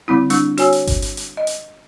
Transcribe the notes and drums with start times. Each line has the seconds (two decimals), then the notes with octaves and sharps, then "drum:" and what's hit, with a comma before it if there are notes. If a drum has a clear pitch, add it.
0.08 D3 G3 C4 E4
0.30 G3 D4 E6, drum: hi-hat
0.58 F#4 C#5 G#5 E6, drum: hi-hat
0.72 drum: hi-hat
0.87 drum: kick G1, hi-hat
1.02 drum: hi-hat
1.17 drum: hi-hat
1.37 D#5
1.47 drum: hi-hat